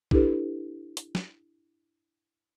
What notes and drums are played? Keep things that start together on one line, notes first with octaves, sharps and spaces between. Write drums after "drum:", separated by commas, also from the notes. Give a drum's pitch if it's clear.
D4 E4 G4 A4 B4, drum: kick B1
drum: hi-hat
drum: snare